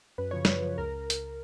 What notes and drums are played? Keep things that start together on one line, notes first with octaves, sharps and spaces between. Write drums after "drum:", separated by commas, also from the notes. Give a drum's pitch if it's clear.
F#2 B4
C#3 F3 C#5
F#2 B4, drum: snare
C#3 F3
C#2 A#4
drum: hi-hat